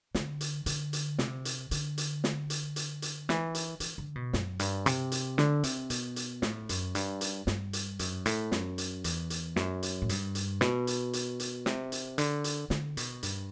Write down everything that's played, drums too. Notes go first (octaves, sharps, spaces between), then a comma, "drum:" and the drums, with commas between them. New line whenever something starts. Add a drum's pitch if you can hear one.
D3, drum: snare
drum: hi-hat
D3, drum: hi-hat
drum: hi-hat
C3, drum: snare
drum: hi-hat
D3, drum: hi-hat
drum: hi-hat
drum: snare
drum: hi-hat
drum: hi-hat
drum: hi-hat
E3, drum: snare
drum: hi-hat
E3, drum: hi-hat
D3
B2
F#2, drum: snare
G2, drum: hi-hat
C3, drum: hi-hat
drum: hi-hat
D3, drum: snare
C3, drum: hi-hat
B2, drum: hi-hat
drum: hi-hat
A2, drum: snare
F#2, drum: hi-hat
G2, drum: hi-hat
drum: hi-hat
G2, drum: snare
drum: hi-hat
F#2, drum: hi-hat
A2, drum: hi-hat
F#2, drum: snare
drum: hi-hat
E2, drum: hi-hat
drum: hi-hat
F#2, drum: snare
drum: hi-hat
A2
G2, drum: hi-hat
drum: hi-hat
B2, drum: snare
drum: hi-hat
drum: hi-hat
drum: hi-hat
C3, drum: snare
drum: hi-hat
D3, drum: hi-hat
drum: hi-hat
D3, drum: snare
B2, drum: hi-hat
G2, drum: hi-hat